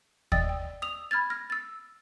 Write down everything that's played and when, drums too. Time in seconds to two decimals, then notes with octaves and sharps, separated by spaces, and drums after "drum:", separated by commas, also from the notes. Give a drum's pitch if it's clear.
0.32 D5 D#5 G5 D#6 E6 A6, drum: kick D#2
0.49 G5
0.82 D#6 E6 F7
1.11 B5 F6 G#6 A6
1.30 F6 A#6
1.50 E6 A6